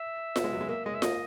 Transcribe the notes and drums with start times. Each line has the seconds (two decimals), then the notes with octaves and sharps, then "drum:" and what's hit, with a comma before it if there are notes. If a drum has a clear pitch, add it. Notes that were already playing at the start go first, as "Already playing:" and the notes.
Already playing: E5
0.36 B3, drum: snare F4
0.44 G#3
0.53 F#3
0.61 G#3
0.69 A#3 E5
0.85 G#3 D#5
0.94 E5
1.02 A#3 D#5, drum: snare F4